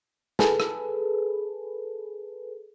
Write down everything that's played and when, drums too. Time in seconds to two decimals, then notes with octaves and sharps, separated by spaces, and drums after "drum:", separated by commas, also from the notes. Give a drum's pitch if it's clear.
0.39 G#4 A4 B4, drum: snare
0.60 drum: rim click